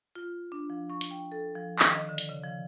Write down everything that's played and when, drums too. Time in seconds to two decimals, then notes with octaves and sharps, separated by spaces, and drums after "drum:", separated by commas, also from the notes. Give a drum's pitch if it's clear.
0.15 F4
0.52 D4
0.70 F3
0.90 C#6
1.01 drum: hi-hat
1.11 G5
1.32 A4
1.56 F3
1.79 D#3, drum: clap
1.92 D#5
2.09 D3
2.18 drum: hi-hat
2.29 C#3
2.44 F3